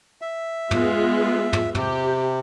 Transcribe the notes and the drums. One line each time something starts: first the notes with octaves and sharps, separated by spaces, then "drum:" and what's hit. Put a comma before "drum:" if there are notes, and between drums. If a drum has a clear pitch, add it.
E5
G#3 B3 F4, drum: tom
drum: tom
C3 G4, drum: tom